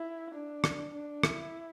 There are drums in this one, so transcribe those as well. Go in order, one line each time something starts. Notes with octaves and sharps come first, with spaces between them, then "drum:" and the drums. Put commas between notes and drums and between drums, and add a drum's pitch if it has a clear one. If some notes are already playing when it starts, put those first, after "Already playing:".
Already playing: E4
D4
drum: rim click
D4
E4, drum: rim click